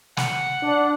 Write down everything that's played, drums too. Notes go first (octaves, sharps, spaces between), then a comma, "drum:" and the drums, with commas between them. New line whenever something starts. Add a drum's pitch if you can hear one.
F#5, drum: snare
D4